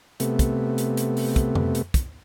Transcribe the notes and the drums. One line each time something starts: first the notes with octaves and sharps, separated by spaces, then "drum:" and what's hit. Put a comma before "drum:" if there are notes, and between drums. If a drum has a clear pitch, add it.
C3 A3 B3, drum: hi-hat
drum: kick, hi-hat
drum: hi-hat
drum: hi-hat
drum: open hi-hat
drum: kick, hi-hat
drum: tom F2
drum: hi-hat
drum: kick, hi-hat